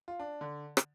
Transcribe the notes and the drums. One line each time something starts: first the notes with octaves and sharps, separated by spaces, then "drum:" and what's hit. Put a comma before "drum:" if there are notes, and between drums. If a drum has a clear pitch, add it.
F4
D4
D3
drum: rim click